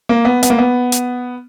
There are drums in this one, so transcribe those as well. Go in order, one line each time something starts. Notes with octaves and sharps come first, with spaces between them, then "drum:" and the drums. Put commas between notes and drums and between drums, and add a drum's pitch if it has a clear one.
A#3
B3
B3, drum: hi-hat
A#3
B3
drum: hi-hat